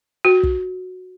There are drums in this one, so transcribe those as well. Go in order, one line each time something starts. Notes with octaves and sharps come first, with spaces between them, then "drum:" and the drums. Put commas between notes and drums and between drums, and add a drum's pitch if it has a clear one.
F#4
drum: kick